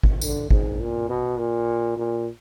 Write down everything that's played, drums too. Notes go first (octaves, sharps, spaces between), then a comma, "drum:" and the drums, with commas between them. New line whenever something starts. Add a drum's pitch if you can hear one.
drum: kick
D3, drum: tambourine
G#2, drum: kick
A#2
B2
A#2
A#2